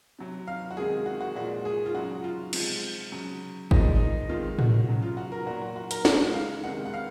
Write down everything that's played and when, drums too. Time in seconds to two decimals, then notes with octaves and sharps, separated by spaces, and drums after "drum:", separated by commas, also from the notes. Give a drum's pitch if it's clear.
0.19 C3 F#3
0.47 F5
0.70 F#4
0.77 C3 D#3 G#3 G#4
1.06 F#4
1.21 F#4
1.36 A#2 F3 G#3 F#4
1.65 G#4
1.86 F4
1.94 C#3 F#3 F#4
2.24 F4
2.53 C3 F3 G#3, drum: cymbal
3.12 C#3 F#3
3.71 A#2 F3 G#3 D#4, drum: kick G#1
3.95 D#4
4.29 C3 D#3 G#3 F4
4.59 F#4, drum: tom A2
4.88 C#3 F#3
5.02 F4
5.17 F#4
5.32 A#4
5.46 A#2 F#3 F#4
5.62 F#4
5.76 F#4
5.91 A#4, drum: hi-hat
6.05 C#3 G#3 F#5, drum: snare
6.34 F5
6.64 C3 D#3 G#3 F#5
6.86 F#5
6.93 F5